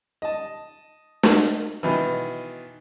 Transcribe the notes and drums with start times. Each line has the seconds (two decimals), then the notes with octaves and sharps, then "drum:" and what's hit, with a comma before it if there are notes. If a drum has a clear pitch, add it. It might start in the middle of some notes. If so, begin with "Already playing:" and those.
0.22 D#5 A5
1.23 drum: snare
1.83 B2 D#3 E3